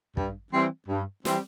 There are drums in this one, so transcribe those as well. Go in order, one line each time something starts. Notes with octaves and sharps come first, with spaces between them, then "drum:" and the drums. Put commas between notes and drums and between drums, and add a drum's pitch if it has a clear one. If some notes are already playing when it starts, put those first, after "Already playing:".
G2, drum: kick
E3 G3 C4
G2
E3 G3 C4, drum: snare